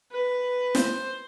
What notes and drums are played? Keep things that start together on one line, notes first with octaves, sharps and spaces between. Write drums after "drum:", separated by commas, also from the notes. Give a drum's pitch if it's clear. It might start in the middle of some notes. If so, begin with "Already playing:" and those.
B4
C5, drum: snare